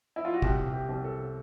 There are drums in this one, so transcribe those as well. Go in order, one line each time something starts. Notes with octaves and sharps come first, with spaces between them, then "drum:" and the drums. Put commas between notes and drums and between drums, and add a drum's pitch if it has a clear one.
E4
F4
F#4
C2 G4, drum: kick
G4
C2
A4